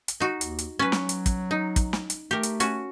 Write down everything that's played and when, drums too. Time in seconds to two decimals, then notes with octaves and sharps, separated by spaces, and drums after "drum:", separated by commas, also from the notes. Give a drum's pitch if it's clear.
0.08 drum: hi-hat
0.20 D#4 F#4
0.41 D#2, drum: hi-hat
0.59 drum: hi-hat
0.79 F#3 C#4 B4
0.92 drum: snare
1.09 drum: hi-hat
1.26 drum: kick, hi-hat
1.51 D#4
1.76 drum: kick, hi-hat
1.93 drum: snare
2.10 drum: hi-hat
2.31 A3 G4 A#4
2.43 drum: hi-hat
2.60 C#4 F#4, drum: hi-hat